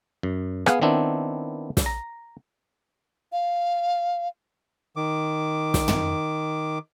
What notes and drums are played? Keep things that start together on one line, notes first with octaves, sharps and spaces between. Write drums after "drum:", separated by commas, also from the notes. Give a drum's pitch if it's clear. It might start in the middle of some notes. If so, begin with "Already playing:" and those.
F#2
B3 G#4 F5, drum: rim click
D#3 B3 C4 D4 E4
drum: snare
A#5
F5
D#3 D6
drum: snare
drum: tom